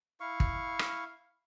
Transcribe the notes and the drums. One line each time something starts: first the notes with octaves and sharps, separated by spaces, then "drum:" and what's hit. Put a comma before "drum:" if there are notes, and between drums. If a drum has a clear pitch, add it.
E4 F5 C#6
drum: kick
drum: rim click